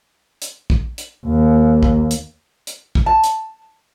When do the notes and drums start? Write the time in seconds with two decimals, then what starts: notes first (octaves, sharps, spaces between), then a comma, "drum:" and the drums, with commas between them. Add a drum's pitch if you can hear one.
0.42 drum: hi-hat
0.70 drum: kick
0.98 drum: hi-hat
1.26 D#2
1.83 drum: kick
2.11 drum: hi-hat
2.67 drum: hi-hat
2.95 drum: kick
3.06 A5
3.24 drum: hi-hat